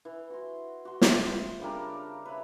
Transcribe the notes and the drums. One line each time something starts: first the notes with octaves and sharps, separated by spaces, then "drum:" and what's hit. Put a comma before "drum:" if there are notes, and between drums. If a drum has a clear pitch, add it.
E3
F#4 C6
F#4 C6
C4 E4 F4, drum: snare
C#3 G3 D4 A#4
B4 C#5 E5